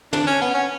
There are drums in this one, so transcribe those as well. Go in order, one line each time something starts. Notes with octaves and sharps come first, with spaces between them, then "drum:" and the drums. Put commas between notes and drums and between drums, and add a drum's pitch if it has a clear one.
D4, drum: tom
C#4
B3
C#4